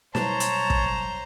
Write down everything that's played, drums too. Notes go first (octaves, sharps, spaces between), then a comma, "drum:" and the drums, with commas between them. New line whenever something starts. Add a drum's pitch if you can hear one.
B2 F#3 G3 C5 C#5 A5 A#5, drum: snare
drum: hi-hat
drum: kick